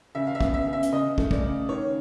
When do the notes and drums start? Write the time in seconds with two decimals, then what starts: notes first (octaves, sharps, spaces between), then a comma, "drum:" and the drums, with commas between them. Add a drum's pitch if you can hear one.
0.15 C#3 E5
0.27 F5
0.35 E5
0.41 B3, drum: kick
0.54 E5
0.66 C#3
0.73 E5
0.83 drum: hi-hat
0.92 C#3 D#5
1.18 A3, drum: kick
1.31 D5, drum: kick
1.43 C#3
1.69 D#3 C#5